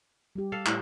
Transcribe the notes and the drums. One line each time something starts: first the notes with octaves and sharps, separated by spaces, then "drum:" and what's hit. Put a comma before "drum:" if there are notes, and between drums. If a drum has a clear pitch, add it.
G3 G4
A4 F5
A2, drum: clap